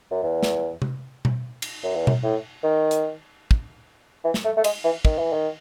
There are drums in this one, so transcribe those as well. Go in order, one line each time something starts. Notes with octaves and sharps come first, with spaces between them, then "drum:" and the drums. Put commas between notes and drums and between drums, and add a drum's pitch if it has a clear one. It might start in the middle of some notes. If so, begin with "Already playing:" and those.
F#2
E2
drum: snare
drum: tom C3
drum: tom B2
drum: cymbal
F#2
E2
F#2, drum: tom B2
A2
D#3
drum: hi-hat
drum: kick
E3
drum: snare
A3
A3
G#3, drum: cymbal
E3
D#3, drum: kick
E3
D#3